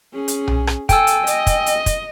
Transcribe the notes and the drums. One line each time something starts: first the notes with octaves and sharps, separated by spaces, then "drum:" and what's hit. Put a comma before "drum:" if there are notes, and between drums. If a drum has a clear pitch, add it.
C#4 G#4
drum: hi-hat
drum: tom B1
drum: rim click
A4 G5 G#5 E6, drum: kick, hi-hat
drum: hi-hat
D#5, drum: hi-hat
drum: kick, hi-hat
drum: hi-hat
drum: kick, hi-hat